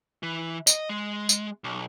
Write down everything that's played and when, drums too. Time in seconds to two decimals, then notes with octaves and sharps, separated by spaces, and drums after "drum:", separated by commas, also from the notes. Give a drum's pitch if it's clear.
0.23 E3
0.67 D#5, drum: tambourine
0.89 G#3
1.29 drum: tambourine
1.64 B1